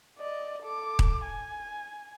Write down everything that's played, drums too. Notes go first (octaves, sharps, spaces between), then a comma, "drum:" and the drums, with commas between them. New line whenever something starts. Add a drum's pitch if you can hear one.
D5 D#5
A4 D6
drum: kick D#1
G#5